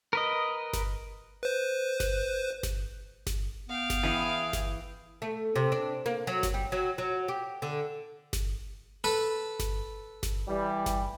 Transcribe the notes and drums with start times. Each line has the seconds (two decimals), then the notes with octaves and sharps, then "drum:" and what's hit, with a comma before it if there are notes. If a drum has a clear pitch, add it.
0.13 A#4 B4 D#5
0.73 drum: snare G1
1.43 B4 C5
2.00 drum: snare G1
2.63 drum: snare G1
3.27 drum: snare G1
3.69 B3 F5 G5
3.90 drum: snare G1
4.03 E3 E4 G#4
4.53 drum: snare G1
5.22 A3
5.56 C3
5.72 D4
6.06 A#3
6.27 F#3
6.43 drum: snare G1
6.54 G3
6.72 F#3
6.98 F#3
7.28 G4
7.62 D3
8.33 drum: snare G1
9.04 A4 B4
9.60 drum: snare G1
10.23 drum: snare G1
10.48 E3 G3
10.86 drum: snare G1